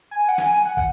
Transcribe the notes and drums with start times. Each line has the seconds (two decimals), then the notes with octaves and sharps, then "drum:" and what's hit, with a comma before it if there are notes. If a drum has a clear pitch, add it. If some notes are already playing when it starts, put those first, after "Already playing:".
0.11 G#5
0.28 F#5
0.38 G#5, drum: snare
0.54 G#5
0.65 F#5
0.77 F#5, drum: kick